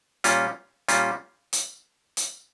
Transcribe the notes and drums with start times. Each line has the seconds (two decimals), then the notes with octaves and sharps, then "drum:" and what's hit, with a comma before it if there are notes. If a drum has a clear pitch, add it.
0.24 A#2 G3 C#4 F4, drum: hi-hat
0.88 A#2 G3 C#4 F4, drum: hi-hat
1.53 drum: hi-hat
2.17 drum: hi-hat